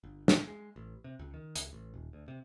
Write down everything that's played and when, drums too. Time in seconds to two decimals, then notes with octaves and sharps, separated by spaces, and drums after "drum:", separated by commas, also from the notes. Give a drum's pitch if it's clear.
0.03 G1
0.28 A2, drum: snare
0.47 G#3
0.76 A1
1.04 C3
1.19 C#2
1.34 D#3
1.56 C#2, drum: hi-hat
1.73 A1
1.94 D#1
2.13 D2
2.28 C3